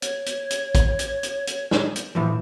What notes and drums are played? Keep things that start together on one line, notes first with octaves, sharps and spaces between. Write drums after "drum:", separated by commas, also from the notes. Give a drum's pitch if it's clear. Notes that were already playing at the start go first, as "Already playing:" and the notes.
C#5, drum: hi-hat
drum: hi-hat
drum: hi-hat
drum: kick, hi-hat
drum: hi-hat
drum: hi-hat
drum: hi-hat
drum: snare
drum: hi-hat
A2 E3 F3